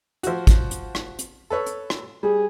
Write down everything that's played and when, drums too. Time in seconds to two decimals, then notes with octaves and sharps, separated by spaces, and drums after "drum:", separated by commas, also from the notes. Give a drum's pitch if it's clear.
0.23 F3 F#4, drum: hi-hat
0.47 drum: kick, hi-hat
0.71 drum: hi-hat
0.95 drum: rim click
1.19 drum: hi-hat
1.50 A4 B4 C#5
1.66 drum: hi-hat
1.90 drum: rim click
2.23 G3 G#4